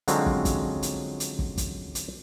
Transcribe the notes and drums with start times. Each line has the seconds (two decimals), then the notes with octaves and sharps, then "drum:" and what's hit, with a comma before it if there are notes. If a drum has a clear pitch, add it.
0.08 D3 F3 F#3 G#3 C4 C#4, drum: hi-hat
0.26 drum: kick
0.45 drum: kick, hi-hat
0.83 drum: hi-hat
1.20 drum: hi-hat
1.39 drum: kick
1.58 drum: kick, hi-hat
1.95 drum: hi-hat